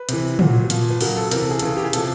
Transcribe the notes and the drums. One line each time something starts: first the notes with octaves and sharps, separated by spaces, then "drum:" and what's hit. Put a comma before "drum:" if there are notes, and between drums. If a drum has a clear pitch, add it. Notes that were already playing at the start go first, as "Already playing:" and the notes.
Already playing: B4
C3 E3, drum: hi-hat
A#2 F#3, drum: tom
A#2 F3, drum: hi-hat
B4
C#3 F#3 A#4, drum: open hi-hat
A4
C3 E3 A#4, drum: hi-hat
A4
G#4
C#3 E3 A4, drum: hi-hat
G4
G#4
C3 F3 A4, drum: hi-hat